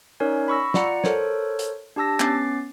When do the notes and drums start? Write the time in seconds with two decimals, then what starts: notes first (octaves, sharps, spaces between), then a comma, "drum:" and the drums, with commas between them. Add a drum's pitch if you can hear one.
0.20 C#4 D#4 A#4 C#5 D5 G#5
0.48 B5 C#6 E6 A#6
0.74 F4 D5 F#5 A#5 C#7, drum: snare
1.04 A4 A#4 C5 C#5, drum: snare
1.59 drum: hi-hat
1.96 D4 G4 A5 E6 A#6
2.20 B3 C#4 D6 A6 C7, drum: clap